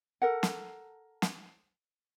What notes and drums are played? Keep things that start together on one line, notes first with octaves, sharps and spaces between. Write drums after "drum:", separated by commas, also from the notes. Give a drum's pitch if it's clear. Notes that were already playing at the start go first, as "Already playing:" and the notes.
A4 A#4 F#5
drum: snare
drum: snare